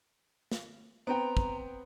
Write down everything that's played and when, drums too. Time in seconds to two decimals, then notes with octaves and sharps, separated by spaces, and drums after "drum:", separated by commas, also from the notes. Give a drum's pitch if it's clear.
0.52 drum: snare
1.07 B3 C4 G5 A#5
1.37 drum: kick